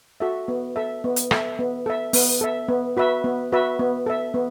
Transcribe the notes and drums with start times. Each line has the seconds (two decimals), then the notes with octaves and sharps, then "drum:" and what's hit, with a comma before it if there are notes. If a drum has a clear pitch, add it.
0.20 F#4 A4 E5
0.48 B3
0.76 A4 E5
1.04 B3
1.16 drum: hi-hat
1.31 A4 E5, drum: rim click
1.59 B3
1.86 A4 E5
2.13 B3, drum: open hi-hat
2.41 A4 E5
2.68 B3
2.97 F#4 B4 E5
3.24 B3
3.52 F#4 B4 E5
3.79 B3
4.06 A4 E5
4.34 B3